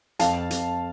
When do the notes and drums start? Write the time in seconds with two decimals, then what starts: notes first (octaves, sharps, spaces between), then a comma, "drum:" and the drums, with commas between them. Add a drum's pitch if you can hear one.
0.19 F2 F5 A5, drum: hi-hat
0.51 F2, drum: hi-hat